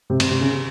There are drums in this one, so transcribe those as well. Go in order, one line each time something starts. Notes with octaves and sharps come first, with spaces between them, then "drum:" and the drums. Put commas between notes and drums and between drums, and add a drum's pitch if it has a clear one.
C3
C3, drum: cymbal
C3
C#3